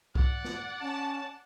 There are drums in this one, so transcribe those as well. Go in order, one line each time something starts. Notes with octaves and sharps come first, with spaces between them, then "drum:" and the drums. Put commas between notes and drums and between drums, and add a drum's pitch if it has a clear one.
D5 F#5, drum: kick C2
drum: snare
C#4 A5